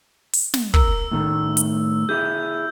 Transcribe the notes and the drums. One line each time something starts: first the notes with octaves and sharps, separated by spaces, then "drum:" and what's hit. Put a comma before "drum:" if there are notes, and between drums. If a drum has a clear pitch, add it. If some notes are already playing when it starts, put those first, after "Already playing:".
drum: open hi-hat
drum: snare
A#4 E6, drum: kick
A2 D#3 A3
drum: hi-hat
E4 G4 G#4 G6